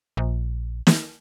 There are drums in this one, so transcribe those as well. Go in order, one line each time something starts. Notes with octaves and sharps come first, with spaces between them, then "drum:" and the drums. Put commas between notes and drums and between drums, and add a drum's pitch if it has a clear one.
A#1
drum: snare